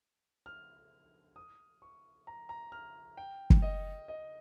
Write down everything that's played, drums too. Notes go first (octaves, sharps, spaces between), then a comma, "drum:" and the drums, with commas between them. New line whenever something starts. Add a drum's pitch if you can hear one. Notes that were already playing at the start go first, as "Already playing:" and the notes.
F6
D#6
C#6
A#5
A#5
F6
G5
drum: kick
D#5
D#5